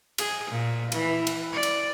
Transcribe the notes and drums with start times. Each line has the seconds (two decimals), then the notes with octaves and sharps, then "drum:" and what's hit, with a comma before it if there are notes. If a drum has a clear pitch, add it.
0.18 G#4, drum: cymbal
0.51 A#2
0.92 E3, drum: cymbal
1.27 drum: cymbal
1.53 D5
1.63 drum: cymbal